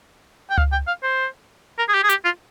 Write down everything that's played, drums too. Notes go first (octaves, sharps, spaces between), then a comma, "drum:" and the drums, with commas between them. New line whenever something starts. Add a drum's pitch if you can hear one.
G5
F5, drum: tom C#2
G5
F5
C5
A#4
G#4
G4
G#4
G4, drum: hi-hat
F4